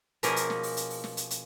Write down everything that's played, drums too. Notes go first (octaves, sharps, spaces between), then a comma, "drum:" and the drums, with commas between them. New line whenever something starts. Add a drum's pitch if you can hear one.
B2 F3 A#3 C#4 G#4 A#4, drum: hi-hat
drum: hi-hat
drum: snare
drum: open hi-hat
drum: hi-hat
drum: open hi-hat
drum: snare
drum: hi-hat
drum: hi-hat